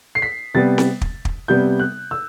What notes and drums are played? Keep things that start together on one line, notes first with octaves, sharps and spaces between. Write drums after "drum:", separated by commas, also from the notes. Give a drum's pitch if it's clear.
C7
B6
C3 G3 B3 A6
drum: snare C4
drum: kick
drum: kick
C3 G3 B3 G6
F#6
E6